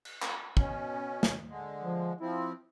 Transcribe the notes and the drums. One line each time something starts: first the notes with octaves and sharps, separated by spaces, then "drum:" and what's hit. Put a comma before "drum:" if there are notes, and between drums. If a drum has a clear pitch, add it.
drum: cymbal
drum: clap
B2 C#4, drum: kick
drum: snare
D3 G#3
F3
F3 C4 E4